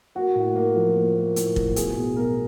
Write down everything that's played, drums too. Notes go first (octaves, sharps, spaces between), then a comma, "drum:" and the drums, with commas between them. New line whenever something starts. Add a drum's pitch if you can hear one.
A#3 F#4
A2
A#3
F3
A#3
A#3
A2, drum: hi-hat
A2, drum: kick
B2 G#4, drum: hi-hat
B1
B1 A#4